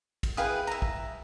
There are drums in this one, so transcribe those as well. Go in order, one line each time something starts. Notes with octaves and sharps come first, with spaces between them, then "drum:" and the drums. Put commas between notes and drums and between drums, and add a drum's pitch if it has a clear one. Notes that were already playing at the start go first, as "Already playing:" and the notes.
drum: kick, cymbal
E4 G#4 B4 F5 G5 D#6
E5 A#5
drum: kick